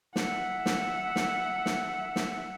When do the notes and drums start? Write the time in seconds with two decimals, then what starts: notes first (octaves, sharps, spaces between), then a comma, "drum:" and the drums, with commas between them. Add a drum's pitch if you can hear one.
0.16 E5 F#5, drum: snare
0.66 drum: snare
1.16 drum: snare
1.66 drum: snare
2.16 drum: snare